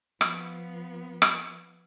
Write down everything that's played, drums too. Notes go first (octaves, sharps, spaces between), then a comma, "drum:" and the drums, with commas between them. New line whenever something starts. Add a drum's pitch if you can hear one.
F3 B3, drum: rim click
drum: rim click